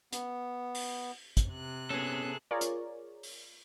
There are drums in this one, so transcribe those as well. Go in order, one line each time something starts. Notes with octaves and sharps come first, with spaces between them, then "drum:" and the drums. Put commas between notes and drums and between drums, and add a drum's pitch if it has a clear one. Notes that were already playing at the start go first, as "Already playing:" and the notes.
B3, drum: hi-hat
drum: open hi-hat
drum: kick, hi-hat
C3 F#6
B3 C#4 G#4 A4
F4 G#4 A#4 C#5 D5
drum: hi-hat
drum: open hi-hat